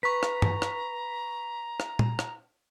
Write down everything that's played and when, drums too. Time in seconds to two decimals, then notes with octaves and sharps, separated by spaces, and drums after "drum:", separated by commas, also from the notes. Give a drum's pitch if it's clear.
0.03 B4 A#5 C#6 B6
0.23 drum: rim click
0.42 drum: tom G2
0.62 drum: rim click
1.80 drum: rim click
1.99 drum: tom A#2
2.19 drum: rim click